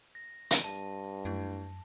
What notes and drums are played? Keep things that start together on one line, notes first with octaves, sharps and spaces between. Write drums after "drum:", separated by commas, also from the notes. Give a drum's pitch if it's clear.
A#6
drum: hi-hat
G2 A5
F#2 A3 D4 E4